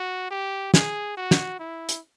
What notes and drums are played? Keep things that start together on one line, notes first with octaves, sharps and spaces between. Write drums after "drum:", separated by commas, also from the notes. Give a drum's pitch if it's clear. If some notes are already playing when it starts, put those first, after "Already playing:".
Already playing: F#4
G4
G#4, drum: snare
F#4
drum: snare
E4
drum: hi-hat